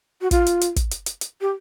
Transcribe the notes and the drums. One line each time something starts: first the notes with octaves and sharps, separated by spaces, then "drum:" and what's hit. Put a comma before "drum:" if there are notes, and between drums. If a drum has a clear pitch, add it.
F#4
F4, drum: kick, hi-hat
drum: hi-hat
drum: hi-hat
drum: kick, hi-hat
drum: hi-hat
drum: hi-hat
drum: hi-hat
G4